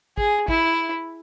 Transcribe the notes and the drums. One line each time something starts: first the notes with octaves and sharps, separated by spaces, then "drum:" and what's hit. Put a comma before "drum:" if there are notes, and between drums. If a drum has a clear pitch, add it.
G#4, drum: kick
E4, drum: kick